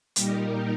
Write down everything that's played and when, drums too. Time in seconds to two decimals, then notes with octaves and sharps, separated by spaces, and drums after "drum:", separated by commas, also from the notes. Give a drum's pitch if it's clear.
0.16 A#2 G3 D#4 G4 A#4, drum: hi-hat